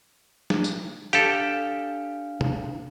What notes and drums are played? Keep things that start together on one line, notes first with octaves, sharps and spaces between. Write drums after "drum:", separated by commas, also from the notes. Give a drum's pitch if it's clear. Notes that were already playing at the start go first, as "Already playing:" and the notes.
drum: snare
drum: tambourine
D4 G4 A4 F5, drum: hi-hat
drum: tom